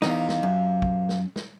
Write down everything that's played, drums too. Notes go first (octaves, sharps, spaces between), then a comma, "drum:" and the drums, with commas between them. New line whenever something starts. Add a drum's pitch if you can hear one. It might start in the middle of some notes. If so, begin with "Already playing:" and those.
E2 G#2 C3 F3 A#3 D#4, drum: snare
drum: snare
F#2
drum: kick
drum: snare
drum: snare